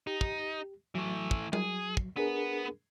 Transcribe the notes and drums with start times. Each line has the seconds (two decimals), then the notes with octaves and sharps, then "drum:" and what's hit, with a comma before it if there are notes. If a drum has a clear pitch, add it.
0.07 D#4 G4
0.21 drum: kick
0.95 E3 F#3 A3
1.31 drum: kick
1.53 F#3 G#4, drum: tom G3
1.97 drum: kick
2.16 B3 D4 G#4 A#4 B4